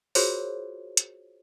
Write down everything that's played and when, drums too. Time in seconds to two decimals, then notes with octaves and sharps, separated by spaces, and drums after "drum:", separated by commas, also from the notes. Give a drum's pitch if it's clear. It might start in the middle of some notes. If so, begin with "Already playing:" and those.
0.15 F4 F#4 G#4 A#4 C5 C#5, drum: open hi-hat
0.97 drum: hi-hat